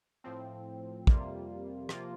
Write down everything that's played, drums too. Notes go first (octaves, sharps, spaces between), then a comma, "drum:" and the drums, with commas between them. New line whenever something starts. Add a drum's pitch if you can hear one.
A2 F3 C4
F2 C3 G3 A#3 F4, drum: kick
C3 F3 A#3 F4, drum: rim click